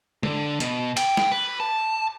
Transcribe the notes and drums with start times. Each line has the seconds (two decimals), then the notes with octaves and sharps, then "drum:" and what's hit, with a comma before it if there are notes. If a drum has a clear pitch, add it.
0.23 D3, drum: tom
0.60 B2, drum: hi-hat
0.97 G5, drum: cymbal
1.17 drum: snare
1.32 B4
1.60 A5